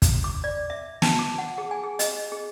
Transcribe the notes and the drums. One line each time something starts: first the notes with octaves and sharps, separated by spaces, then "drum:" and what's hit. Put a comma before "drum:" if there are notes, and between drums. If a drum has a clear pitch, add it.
drum: kick, hi-hat
D6
D5
E5
A5, drum: snare
D6
F#5
G#4
G#5
G#4
D#5, drum: hi-hat
G#4